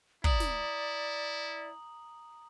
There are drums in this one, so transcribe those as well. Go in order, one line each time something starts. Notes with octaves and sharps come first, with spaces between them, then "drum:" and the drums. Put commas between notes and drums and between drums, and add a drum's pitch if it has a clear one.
E4 D5 A#5 D#6 F#7, drum: kick
drum: snare